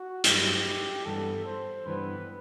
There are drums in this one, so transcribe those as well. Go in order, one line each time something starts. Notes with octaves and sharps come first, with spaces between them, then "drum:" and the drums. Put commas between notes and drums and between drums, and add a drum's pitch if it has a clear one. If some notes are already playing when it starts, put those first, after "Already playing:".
Already playing: F#4
G2 F#3 A3 E4 G4, drum: hi-hat
G2 E3 G3 B3 A4
C5
G2 E3 G3 B3 B4